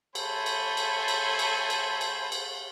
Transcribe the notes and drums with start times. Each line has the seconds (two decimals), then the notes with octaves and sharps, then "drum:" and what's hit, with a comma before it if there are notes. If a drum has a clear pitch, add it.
0.15 A3 A4 C5 C#5 G#5 B5, drum: cymbal
0.46 drum: cymbal
0.77 drum: cymbal
1.08 drum: cymbal
1.39 drum: cymbal
1.70 drum: cymbal
2.01 drum: cymbal
2.32 drum: cymbal